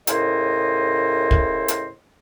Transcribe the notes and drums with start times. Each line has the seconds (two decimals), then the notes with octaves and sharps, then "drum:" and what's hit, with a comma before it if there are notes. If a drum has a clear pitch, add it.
0.07 D#2 A2 C#3 E4 C5 D#5, drum: hi-hat
1.31 drum: kick
1.68 drum: hi-hat